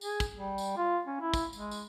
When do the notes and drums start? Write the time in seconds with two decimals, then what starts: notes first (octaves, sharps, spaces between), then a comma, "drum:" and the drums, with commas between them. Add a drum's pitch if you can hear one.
0.01 G#4, drum: tambourine
0.20 drum: kick, tambourine
0.34 G3
0.58 drum: tambourine
0.77 F4
1.06 C#4
1.20 E4
1.34 drum: kick, tambourine
1.53 G#3, drum: tambourine
1.71 drum: tambourine